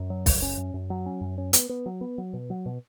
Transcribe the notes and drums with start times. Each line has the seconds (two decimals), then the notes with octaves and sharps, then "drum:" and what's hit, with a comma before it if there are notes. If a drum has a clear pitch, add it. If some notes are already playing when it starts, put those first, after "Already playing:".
Already playing: F#2
0.10 F#3
0.26 F#1, drum: kick, open hi-hat
0.42 C#4
0.57 F#2
0.74 F#2
0.90 F#3
1.06 C#4
1.21 F#2
1.38 C#4
1.53 B3, drum: hi-hat
1.69 B3
1.86 F#3
2.01 B3
2.18 F#3
2.33 B2
2.50 F#3
2.66 B2